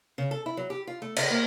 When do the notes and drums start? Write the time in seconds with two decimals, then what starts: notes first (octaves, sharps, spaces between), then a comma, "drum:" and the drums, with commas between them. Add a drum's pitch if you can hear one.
0.18 C#3
0.31 A4
0.46 E4
0.57 F#3
0.70 G4
0.87 F4
1.02 A3
1.16 C#3, drum: cymbal
1.30 A#3